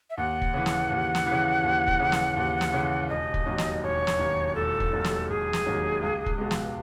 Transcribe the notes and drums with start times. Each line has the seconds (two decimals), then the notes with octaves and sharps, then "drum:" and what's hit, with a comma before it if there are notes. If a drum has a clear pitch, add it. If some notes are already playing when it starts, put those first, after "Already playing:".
0.10 E5
0.17 D#2 F#5
0.41 drum: kick
0.54 C#3 E3
0.66 drum: snare
0.90 D#2
1.15 drum: snare
1.26 E3
1.31 C#3
1.63 D#2
1.88 drum: kick
2.00 C#3 E3
2.12 drum: snare
2.37 D#2
2.61 drum: snare
2.73 C#3 E3
3.09 E1 D#5
3.34 drum: kick
3.46 D#2 D#3 F#3
3.58 drum: snare
3.83 E1 C#5
4.07 drum: snare
4.19 D#2 D#3 F#3
4.55 E1 A4
4.80 drum: kick
4.92 D#2 D#3 F#3
5.04 drum: snare
5.29 E1 G#4
5.53 drum: snare
5.66 D#2 D#3 F#3
6.02 C#2
6.26 drum: kick
6.38 B2 G#3
6.51 drum: snare